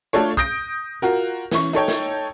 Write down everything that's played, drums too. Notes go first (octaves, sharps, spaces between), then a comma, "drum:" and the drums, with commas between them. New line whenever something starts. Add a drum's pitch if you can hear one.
A3 D4 F4 A4 C#5
D#6 G6 A#6 D7, drum: kick
F4 F#4 A#4
E3 C#4 C#6, drum: snare
D#4 A4 C#5 G5
drum: snare